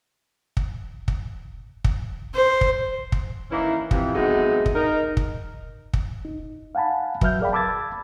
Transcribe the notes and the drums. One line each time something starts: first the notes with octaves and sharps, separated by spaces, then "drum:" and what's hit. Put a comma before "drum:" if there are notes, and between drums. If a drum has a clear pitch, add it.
drum: kick
drum: kick
drum: kick
C5
drum: kick
drum: kick
D#3 E3 A#3 C#4 E4
C3 E3 F3, drum: kick
C3 F#3 G#3 A3 B3 D#4
drum: kick
D#4 A#4
drum: kick
drum: kick
D#4
F5 F#5 G#5 A5 B5
F#3 B4 E5 F6 G6, drum: kick
G#4 A#4 D5 F5 G5 B5
A5 B5 D6 E6 G#6 A6